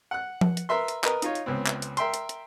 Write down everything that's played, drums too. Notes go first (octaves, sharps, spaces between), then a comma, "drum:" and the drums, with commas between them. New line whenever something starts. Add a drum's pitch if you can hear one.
F#5 F#6
drum: tom F3
drum: hi-hat
A#4 B4 E5 C6
drum: hi-hat
A#4 B4 D#5, drum: clap
D#4 F4 C#5, drum: hi-hat
drum: hi-hat
C#2 B3 C4
drum: clap
drum: hi-hat
A#4 E5 G5 C6, drum: hi-hat
drum: hi-hat
drum: hi-hat